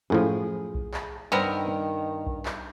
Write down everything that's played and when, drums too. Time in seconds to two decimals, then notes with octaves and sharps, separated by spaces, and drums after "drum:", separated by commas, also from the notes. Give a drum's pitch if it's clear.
0.10 F#2 A2 F3 G#4
0.75 drum: kick B1
0.94 drum: clap
1.32 G2 D#3 B3 C4 A#4
2.27 drum: kick B1
2.46 drum: clap